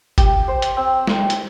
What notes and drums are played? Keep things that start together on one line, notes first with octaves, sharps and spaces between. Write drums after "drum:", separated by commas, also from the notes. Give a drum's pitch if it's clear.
G4, drum: kick G1, hi-hat
C5
drum: hi-hat
C4
drum: snare
drum: hi-hat